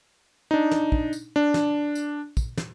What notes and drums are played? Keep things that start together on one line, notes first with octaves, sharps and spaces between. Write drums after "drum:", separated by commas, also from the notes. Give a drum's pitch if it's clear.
D4 D#4
drum: snare
drum: kick
drum: tambourine
D4
drum: snare
drum: tambourine
drum: kick, tambourine
drum: snare